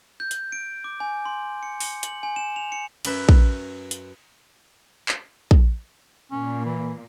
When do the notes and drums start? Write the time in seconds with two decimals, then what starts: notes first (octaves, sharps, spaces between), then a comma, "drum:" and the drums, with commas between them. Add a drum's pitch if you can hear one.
0.20 G6
0.31 drum: hi-hat
0.52 D7
0.84 D6
1.00 G#5
1.25 C6
1.63 C#7
1.80 C#7, drum: open hi-hat
2.03 F#7, drum: hi-hat
2.23 G#5
2.36 E7
2.56 F7
2.72 C#7
3.05 F#2 B4 E5, drum: cymbal
3.29 drum: kick
3.91 drum: hi-hat
5.09 drum: clap
5.51 drum: kick
6.32 A#2 A#3 C#4
6.65 E3